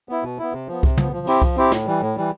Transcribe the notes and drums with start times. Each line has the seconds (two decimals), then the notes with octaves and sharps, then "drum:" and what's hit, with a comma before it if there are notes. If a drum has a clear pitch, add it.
0.09 B3 E4
0.23 B2
0.38 B3 E4
0.53 C3
0.68 F3 B3
0.83 C3, drum: kick C2
0.97 F3 B3, drum: tom
1.12 F3
1.27 C4 E4 G4, drum: cymbal
1.42 F3, drum: kick C2
1.57 C4 E4 G4
1.72 A2, drum: snare
1.86 E3 G3
2.01 A2
2.16 E3 G3